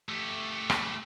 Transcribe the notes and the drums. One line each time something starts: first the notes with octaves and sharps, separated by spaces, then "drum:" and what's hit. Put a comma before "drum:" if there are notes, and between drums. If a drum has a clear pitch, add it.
A3 G4
drum: rim click